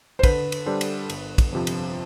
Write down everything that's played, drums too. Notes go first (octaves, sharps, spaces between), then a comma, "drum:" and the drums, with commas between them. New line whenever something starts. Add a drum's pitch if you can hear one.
C5
D3 B4, drum: kick, cymbal
drum: cymbal
G3 D4 A4 C5
drum: cymbal
G1, drum: cymbal
drum: kick, cymbal
F2 C3 F3
drum: cymbal